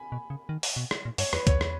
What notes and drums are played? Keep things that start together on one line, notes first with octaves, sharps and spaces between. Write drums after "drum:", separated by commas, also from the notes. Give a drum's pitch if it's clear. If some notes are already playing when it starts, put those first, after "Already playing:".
Already playing: G#5 B5
B2
C#3
D#3
drum: open hi-hat
B2
drum: rim click
A#2
G2 C#5, drum: open hi-hat
E2 B4, drum: rim click
E2 C#5, drum: kick C2, hi-hat
drum: rim click